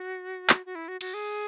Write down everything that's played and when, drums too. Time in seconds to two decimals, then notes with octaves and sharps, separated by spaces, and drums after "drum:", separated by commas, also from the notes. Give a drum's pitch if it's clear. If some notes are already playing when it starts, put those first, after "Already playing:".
Already playing: F#4
0.49 drum: clap
0.66 F#4
0.75 E4
0.88 F#4
1.01 F#4, drum: cymbal
1.14 G#4